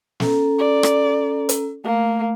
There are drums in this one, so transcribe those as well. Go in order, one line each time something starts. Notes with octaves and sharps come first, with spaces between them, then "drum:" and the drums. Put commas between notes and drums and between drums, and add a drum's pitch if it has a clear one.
C#4 A4 A#5, drum: snare
D5
drum: rim click
drum: hi-hat
A3 A#3